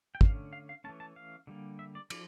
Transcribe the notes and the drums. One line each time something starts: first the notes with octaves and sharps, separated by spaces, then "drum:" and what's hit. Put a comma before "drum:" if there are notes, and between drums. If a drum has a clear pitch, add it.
G5
D3 A3 C#4 F5, drum: kick
F5
F5
E3 A3 C#4 A5
A5
F5
D3 G3 A#3
E5
D5
F3 D5, drum: cymbal